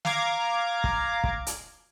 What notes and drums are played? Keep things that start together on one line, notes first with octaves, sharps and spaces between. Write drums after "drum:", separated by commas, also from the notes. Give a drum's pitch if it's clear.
F5 A#5 D6 G#6, drum: snare
drum: kick
drum: kick
drum: hi-hat